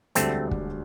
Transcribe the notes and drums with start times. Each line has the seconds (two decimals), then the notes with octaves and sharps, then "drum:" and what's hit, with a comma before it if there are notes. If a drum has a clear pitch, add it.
0.15 E1 D2 D3 G3 A3 C4 D4, drum: hi-hat
0.51 drum: kick